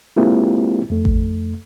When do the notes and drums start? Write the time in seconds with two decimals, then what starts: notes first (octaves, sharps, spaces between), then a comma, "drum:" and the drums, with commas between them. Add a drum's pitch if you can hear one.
0.16 G#3 A#3 C4 E4 F4 G4
0.90 F2 A3
1.05 drum: kick A1